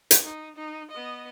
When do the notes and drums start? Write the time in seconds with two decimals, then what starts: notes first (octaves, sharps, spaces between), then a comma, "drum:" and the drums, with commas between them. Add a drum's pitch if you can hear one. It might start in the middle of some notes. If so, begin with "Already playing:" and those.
0.11 drum: hi-hat
0.23 D#4
0.56 D#4
0.91 B3 D#5